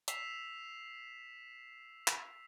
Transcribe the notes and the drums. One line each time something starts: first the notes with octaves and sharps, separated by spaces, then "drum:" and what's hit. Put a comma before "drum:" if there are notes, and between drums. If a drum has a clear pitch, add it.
E6 B6 C7 E7 F7, drum: hi-hat
drum: clap